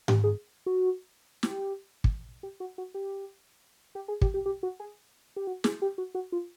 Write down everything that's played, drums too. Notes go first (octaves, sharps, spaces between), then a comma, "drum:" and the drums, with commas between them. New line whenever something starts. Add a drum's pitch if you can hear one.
G4, drum: tom G#2
G#4
F#4
G4, drum: snare
drum: kick
G4
F#4
F#4
G4
G4
G#4
G4, drum: kick
G4
G4
F#4
G#4
G4
F#4
G#4, drum: snare
G4
F#4
F#4
F4